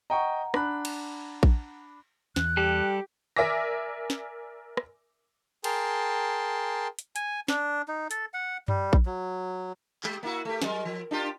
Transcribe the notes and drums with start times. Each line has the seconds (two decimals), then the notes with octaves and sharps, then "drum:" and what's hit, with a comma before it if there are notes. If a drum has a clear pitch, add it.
0.10 D#5 F#5 G5 A#5 C#6
0.54 D4 B5 F#6, drum: rim click
0.85 drum: cymbal
1.43 drum: kick A#1
2.36 E2 F#6, drum: snare
2.57 G3 G4 A4
3.36 A#4 D5 E5 G#5 D6 A#6
4.10 drum: snare
4.77 drum: rim click
5.64 G#4 A#4 G5 A5 C6, drum: cymbal
6.99 drum: hi-hat
7.16 G#5, drum: hi-hat
7.48 D4, drum: snare
7.88 D#4
8.11 A4, drum: hi-hat
8.34 F#5
8.68 G3, drum: tom F#2
8.93 drum: kick A#1
9.06 F#3
10.04 G#3 G4, drum: clap
10.23 A#3 E4 F#4
10.45 A3 G4
10.62 F#3 G#3 A#4, drum: snare
10.85 F3
11.11 D4 F4 G4